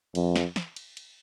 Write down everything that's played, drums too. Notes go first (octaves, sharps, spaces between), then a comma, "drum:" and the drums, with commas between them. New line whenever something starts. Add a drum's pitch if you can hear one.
F2, drum: cymbal
drum: snare
drum: snare
drum: cymbal
drum: cymbal